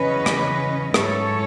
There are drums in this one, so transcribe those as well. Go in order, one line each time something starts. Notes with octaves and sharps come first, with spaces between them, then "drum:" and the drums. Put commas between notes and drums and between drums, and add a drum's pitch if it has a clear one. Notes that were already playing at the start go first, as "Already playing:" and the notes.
Already playing: E2 C#3 F#3 C#4 B4 D#5
drum: rim click
G#2 F#3 C#4 E4 A4 C#5, drum: rim click